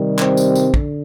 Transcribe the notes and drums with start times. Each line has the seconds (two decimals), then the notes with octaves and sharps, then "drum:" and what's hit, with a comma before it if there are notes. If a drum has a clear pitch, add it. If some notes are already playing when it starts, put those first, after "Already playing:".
Already playing: C3 D#3 G3
0.19 C4, drum: clap
0.37 drum: tambourine
0.55 drum: tambourine
0.74 D3, drum: kick